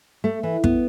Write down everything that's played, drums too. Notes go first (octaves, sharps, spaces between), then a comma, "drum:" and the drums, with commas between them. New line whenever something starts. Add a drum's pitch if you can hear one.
A3
E3
B3, drum: kick